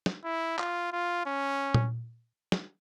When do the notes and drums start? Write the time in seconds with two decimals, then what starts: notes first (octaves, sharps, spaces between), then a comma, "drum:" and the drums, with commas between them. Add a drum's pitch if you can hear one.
0.06 drum: snare
0.24 E4
0.59 F4, drum: clap
0.92 F4
1.26 C#4
1.74 drum: tom A#2
2.52 drum: snare